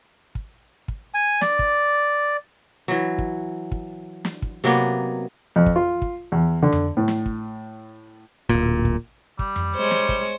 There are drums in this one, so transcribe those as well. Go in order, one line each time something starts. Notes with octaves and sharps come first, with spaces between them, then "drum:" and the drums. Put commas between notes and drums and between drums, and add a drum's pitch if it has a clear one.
drum: kick
drum: kick
G#5
D5, drum: snare
drum: kick
E3 F#3
drum: kick
drum: kick
drum: snare
drum: kick
C3 F#3 A#3 B3
F2
drum: kick
F4
drum: kick
E2
D3
drum: tom F2
A2
drum: snare
drum: kick
D1 A#2, drum: kick
drum: kick
G3, drum: kick
drum: tom F2
G#3 C5 C#5
drum: snare
drum: kick